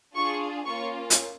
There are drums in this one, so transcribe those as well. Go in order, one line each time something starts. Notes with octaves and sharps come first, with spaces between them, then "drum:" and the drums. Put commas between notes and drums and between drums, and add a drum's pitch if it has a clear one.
D4 F4 G#4 C#6
A#3 C#4 F4 C#6
drum: hi-hat